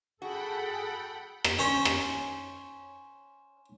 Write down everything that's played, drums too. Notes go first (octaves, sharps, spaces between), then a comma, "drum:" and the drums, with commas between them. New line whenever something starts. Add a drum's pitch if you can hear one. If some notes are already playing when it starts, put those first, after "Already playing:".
F#4 G#4 A4 F#5 G5 B5
drum: rim click
C#4 C5 C#5
drum: rim click